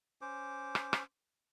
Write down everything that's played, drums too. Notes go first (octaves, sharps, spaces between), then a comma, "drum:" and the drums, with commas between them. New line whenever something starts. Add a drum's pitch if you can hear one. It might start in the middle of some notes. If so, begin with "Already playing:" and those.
C#4 C5 D6
drum: rim click
drum: rim click